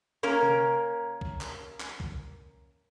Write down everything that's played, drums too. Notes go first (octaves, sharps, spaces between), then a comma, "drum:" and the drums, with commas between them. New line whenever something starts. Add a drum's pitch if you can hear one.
A#3 C#4 A#4
drum: tom C3
drum: kick C2
drum: clap
drum: clap
drum: kick C2